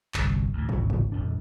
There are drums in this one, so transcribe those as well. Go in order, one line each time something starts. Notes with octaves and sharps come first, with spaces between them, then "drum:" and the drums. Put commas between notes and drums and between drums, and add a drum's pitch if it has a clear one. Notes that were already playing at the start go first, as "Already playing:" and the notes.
G1 C2, drum: clap
D2 A2
D1 G#1 C#2, drum: tom
drum: tom
D#1 F2 D4